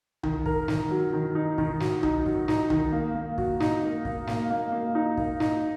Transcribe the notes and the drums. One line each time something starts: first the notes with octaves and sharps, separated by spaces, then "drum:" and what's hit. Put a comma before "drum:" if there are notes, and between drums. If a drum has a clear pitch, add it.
D#3, drum: tom C2
A#4, drum: kick
D#3, drum: snare
F#3
D#3
D#4
D#3, drum: kick
F#3, drum: snare
D#4, drum: tom C2
F#3, drum: kick
D#4, drum: snare
D#3, drum: tom C2
A#3
A#3
F#4, drum: kick
D#4, drum: snare
A#3
A#3, drum: kick
A#3, drum: snare
A#3
A#3
D#4
A#3, drum: kick
D#4, drum: snare